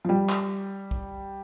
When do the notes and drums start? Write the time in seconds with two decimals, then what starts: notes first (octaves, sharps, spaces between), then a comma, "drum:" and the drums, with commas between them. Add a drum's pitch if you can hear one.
0.05 F3
0.09 G3
0.29 drum: clap
0.91 drum: kick B1